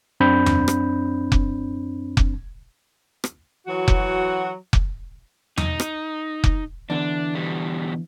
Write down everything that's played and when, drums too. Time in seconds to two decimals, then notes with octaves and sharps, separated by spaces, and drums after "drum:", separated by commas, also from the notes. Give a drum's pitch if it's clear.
0.20 F#2 C4 D4 B5 G6
0.46 drum: tom E2
0.68 drum: rim click
1.32 drum: kick F1
2.17 drum: kick F1
3.24 drum: rim click
3.66 E3 F#3 F#4
3.88 drum: kick F1
4.73 drum: kick F1
5.57 D#4, drum: tom E2
5.80 drum: rim click
6.44 drum: kick F1
6.90 E2 D3 D4
7.35 B2 G3